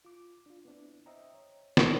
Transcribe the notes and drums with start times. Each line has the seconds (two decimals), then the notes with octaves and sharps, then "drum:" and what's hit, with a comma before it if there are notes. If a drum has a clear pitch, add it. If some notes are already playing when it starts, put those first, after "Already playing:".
0.05 F4 D6
0.46 D4 F4
0.65 B3 C4 D4 E4
1.06 C5 D#5 E5 G5 A#5
1.34 C#5
1.77 drum: snare